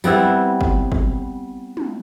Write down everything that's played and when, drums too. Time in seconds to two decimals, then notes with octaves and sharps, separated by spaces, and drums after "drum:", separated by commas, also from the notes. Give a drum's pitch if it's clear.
0.04 G3 B3 C4 E4, drum: tambourine
0.61 drum: kick
0.92 drum: kick
1.77 drum: tom